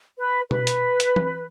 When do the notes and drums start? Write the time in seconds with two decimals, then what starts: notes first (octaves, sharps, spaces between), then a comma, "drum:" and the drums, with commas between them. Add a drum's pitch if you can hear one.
0.18 B4
0.51 B4, drum: tom B2
0.67 drum: hi-hat
1.00 drum: hi-hat
1.16 drum: tom E3